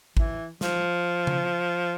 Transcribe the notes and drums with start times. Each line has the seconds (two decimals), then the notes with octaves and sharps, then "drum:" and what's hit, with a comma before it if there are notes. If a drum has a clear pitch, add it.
0.17 E3, drum: kick G#1
0.61 F3, drum: snare
1.27 drum: tom C#3